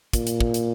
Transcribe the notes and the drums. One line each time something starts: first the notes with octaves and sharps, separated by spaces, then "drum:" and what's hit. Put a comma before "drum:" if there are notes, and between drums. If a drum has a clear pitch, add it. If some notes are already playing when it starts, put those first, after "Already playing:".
A#2, drum: kick, hi-hat
drum: hi-hat
drum: kick
drum: hi-hat